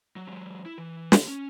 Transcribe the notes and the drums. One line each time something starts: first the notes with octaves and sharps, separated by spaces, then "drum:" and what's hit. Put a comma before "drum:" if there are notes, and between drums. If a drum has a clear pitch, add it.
F#3
F#3 G#3
E4
E3
D3 G4, drum: snare
C#4